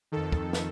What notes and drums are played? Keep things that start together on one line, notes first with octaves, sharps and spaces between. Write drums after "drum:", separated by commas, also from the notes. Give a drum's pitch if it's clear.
F2 D#3 A4
drum: kick
drum: snare